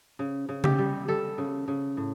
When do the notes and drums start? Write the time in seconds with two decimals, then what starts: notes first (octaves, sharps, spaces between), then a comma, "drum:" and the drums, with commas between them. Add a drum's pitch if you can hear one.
0.19 C#3
0.49 C#3
0.64 G4, drum: tom C#3
0.78 G3
1.08 G3 A4
1.38 C#3
1.68 C#3
1.97 A2